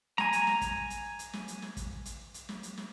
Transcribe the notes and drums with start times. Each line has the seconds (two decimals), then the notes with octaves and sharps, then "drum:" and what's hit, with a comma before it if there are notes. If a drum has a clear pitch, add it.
0.18 G#5 A#5, drum: snare
0.33 drum: hi-hat
0.47 drum: snare
0.61 drum: kick, hi-hat
0.90 drum: hi-hat
1.19 drum: hi-hat
1.33 drum: snare
1.48 drum: hi-hat
1.62 drum: snare
1.77 drum: kick, hi-hat
2.05 drum: hi-hat
2.34 drum: hi-hat
2.49 drum: snare
2.63 drum: hi-hat
2.77 drum: snare